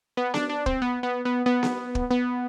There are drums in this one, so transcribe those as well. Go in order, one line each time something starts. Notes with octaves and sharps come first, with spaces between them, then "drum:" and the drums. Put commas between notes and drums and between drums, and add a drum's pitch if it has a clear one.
B3
D4, drum: snare B3
D4
C4, drum: kick
B3
B3
B3
B3
drum: snare B3
drum: kick
B3